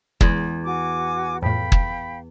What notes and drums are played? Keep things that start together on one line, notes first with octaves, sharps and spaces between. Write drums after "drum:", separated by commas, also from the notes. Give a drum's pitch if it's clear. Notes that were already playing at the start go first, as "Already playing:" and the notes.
E2 G#3, drum: kick
F#4 G#5 D6
F2 A2 F5 G5 B5
drum: kick